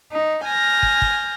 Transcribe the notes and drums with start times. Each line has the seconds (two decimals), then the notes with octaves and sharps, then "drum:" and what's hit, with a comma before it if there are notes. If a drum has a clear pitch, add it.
0.12 D#4
0.45 G#5 F6 G6 A#6
0.83 drum: kick
1.02 drum: kick